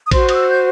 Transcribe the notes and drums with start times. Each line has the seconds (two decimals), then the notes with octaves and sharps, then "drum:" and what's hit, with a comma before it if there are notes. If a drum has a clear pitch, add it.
0.06 D#6
0.11 F#4 C5 C6, drum: kick A1, cymbal
0.29 D#6, drum: cymbal
0.34 E6
0.50 G6